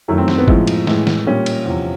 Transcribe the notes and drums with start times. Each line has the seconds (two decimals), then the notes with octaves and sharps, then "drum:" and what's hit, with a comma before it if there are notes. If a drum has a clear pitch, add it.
0.08 F#2 D#3 F#3 A3 E4
0.18 C4
0.28 C4, drum: snare
0.38 B3
0.48 A2 F3 G#3, drum: kick
0.67 drum: cymbal
0.87 A2 E3 G#3, drum: snare
1.07 drum: snare
1.27 A#2 G3 C#4
1.46 drum: cymbal
1.66 E2 C3 F3